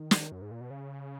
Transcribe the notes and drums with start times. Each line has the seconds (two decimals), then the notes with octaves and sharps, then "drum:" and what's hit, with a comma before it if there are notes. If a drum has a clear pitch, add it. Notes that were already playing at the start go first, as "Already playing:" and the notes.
Already playing: D#3
0.11 drum: snare
0.32 F#2
0.42 G#2
0.51 A#2
0.61 B2
0.70 C#3